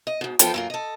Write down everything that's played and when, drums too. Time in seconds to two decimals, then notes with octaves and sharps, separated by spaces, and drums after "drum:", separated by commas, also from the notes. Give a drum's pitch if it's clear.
0.07 D#5
0.21 G#2 B2
0.39 E2 F3 B3 F4 A4 G5, drum: hi-hat
0.54 F#2 A#3 F4
0.70 A4 D#5